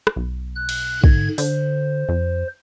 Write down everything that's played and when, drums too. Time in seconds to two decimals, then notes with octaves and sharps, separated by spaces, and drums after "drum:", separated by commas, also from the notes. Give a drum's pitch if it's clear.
0.07 drum: rim click
0.16 B1
0.56 F#6
0.69 drum: cymbal
1.04 G#2 D3 G#6, drum: kick
1.38 D3 C5, drum: open hi-hat
2.09 F2